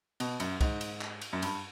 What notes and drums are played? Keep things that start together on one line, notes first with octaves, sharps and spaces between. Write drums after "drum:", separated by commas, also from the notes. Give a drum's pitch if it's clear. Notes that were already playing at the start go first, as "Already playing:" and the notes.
B2, drum: cymbal
F#2, drum: cymbal
G#2, drum: kick C2, cymbal
drum: cymbal
drum: clap
drum: cymbal
F#2
G2, drum: cymbal